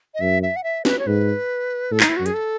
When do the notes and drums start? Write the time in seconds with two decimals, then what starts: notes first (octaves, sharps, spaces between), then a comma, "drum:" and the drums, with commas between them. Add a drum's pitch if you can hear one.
0.14 D#5
0.21 F#2 E5
0.43 E5
0.56 F#5
0.64 E5
0.85 B4, drum: snare
0.99 C#5
1.07 G#2 B4
1.92 A2 A4
2.00 D#4, drum: clap
2.09 E4
2.16 F#4
2.20 F#2
2.26 G#4, drum: hi-hat
2.34 A4